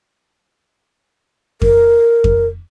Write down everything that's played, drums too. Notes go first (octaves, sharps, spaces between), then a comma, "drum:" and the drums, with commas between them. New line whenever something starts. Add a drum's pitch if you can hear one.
A#4, drum: kick F2
drum: kick F2